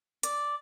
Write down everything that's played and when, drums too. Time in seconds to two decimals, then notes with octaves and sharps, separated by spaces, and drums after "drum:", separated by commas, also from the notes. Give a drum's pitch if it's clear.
0.23 D5, drum: hi-hat